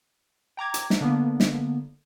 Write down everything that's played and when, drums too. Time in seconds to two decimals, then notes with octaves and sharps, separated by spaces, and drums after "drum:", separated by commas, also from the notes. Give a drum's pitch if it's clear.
0.57 G5 A#5 D6 G#6
0.74 drum: hi-hat
0.90 drum: snare
1.01 D3 A#3 B3
1.40 drum: snare